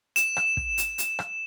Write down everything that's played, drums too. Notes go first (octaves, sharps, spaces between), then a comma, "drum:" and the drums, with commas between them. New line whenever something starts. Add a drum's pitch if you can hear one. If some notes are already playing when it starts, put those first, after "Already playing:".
E7, drum: hi-hat
drum: rim click
drum: kick
drum: hi-hat
drum: hi-hat
drum: rim click